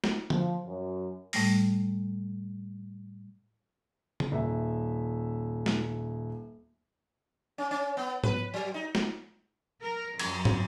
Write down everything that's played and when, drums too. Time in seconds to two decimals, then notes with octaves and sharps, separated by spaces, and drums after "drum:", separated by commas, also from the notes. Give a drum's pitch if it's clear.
0.04 drum: snare
0.30 F3, drum: tom D3
0.65 F#2
1.33 A2 G3 A3 A#6, drum: open hi-hat
4.20 drum: tom C#3
4.32 D#1 E5
5.66 drum: snare
7.58 C#4
7.71 C#4
7.97 B3
8.24 B4, drum: tom
8.54 F#3
8.74 D#4
8.95 drum: snare
9.82 A#4
10.19 F#2, drum: cymbal
10.45 drum: tom